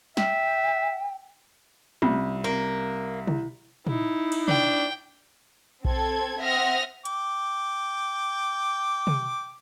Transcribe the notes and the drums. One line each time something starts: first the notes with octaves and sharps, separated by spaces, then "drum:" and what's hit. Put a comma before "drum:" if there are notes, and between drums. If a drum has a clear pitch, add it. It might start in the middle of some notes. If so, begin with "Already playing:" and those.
E5 G5, drum: snare
C2 C4 C#4 F4 G4, drum: tom
A#3 C4 A#4
E4, drum: tom
D#4 E4, drum: tom
drum: cymbal
D4 G5, drum: tom
C4 A4 G#6, drum: kick B1
C4 E5 F#5 D#6 F6 A#6
G5 D6, drum: hi-hat
drum: tom